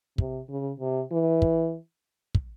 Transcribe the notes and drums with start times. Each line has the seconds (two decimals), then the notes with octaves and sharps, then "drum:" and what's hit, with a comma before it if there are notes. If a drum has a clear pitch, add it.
0.18 C3, drum: kick
0.49 C#3
0.80 C3
1.12 E3
1.42 drum: kick
2.35 drum: kick